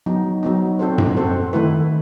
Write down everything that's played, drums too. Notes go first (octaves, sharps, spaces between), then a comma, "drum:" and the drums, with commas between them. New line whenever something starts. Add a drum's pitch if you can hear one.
F#3 B3 D#4
F#3 B3 D#4
C4 F#4 A4 C5
drum: tom F#2
C4 F#4 A4 C5
D#3 A3 E4 B4